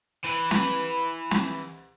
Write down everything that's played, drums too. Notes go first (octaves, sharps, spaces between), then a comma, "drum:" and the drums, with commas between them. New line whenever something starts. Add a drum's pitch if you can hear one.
E3 B4
drum: snare
drum: snare